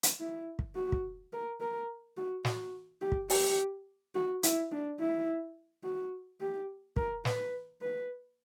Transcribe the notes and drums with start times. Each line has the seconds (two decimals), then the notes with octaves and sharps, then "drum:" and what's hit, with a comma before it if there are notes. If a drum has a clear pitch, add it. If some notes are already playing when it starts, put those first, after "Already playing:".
0.03 drum: hi-hat
0.20 E4
0.59 drum: kick
0.75 F#4
0.92 drum: kick
1.33 A#4
1.61 A#4
2.17 F#4
2.45 F#4, drum: snare
3.01 G4
3.12 drum: kick
3.30 G4, drum: open hi-hat
4.15 F#4
4.43 E4, drum: hi-hat
4.71 D4
4.99 E4
5.84 F#4
6.40 G4
6.96 A#4, drum: kick
7.25 B4, drum: snare
7.82 B4